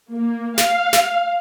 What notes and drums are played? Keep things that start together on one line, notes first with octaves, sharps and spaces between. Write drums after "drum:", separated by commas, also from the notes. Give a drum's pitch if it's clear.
A#3
F5, drum: snare
drum: snare